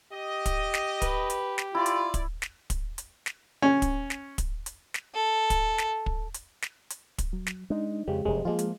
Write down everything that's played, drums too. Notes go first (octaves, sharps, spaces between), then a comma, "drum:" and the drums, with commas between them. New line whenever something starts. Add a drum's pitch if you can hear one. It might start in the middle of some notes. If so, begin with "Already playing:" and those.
G4 D#5
drum: kick, hi-hat
drum: snare
B4, drum: kick, hi-hat
drum: hi-hat
drum: snare
E4 F4 D5
drum: hi-hat
drum: kick, hi-hat
drum: snare
drum: kick, hi-hat
drum: hi-hat
drum: snare
C#4
drum: kick, hi-hat
drum: snare
drum: kick, hi-hat
drum: hi-hat
drum: snare
A4
drum: kick, hi-hat
drum: snare
drum: kick
drum: hi-hat
drum: snare
drum: hi-hat
drum: kick, hi-hat
F#3
drum: snare
G#3 D4 D#4
F2 C#3 G#3 G4
F1 F#2 G#3
F3 G#3 A#3 F4
drum: hi-hat